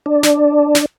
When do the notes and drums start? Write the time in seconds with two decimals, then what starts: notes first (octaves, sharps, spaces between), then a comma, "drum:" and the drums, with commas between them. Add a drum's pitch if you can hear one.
0.06 D4
0.23 drum: snare
0.75 drum: snare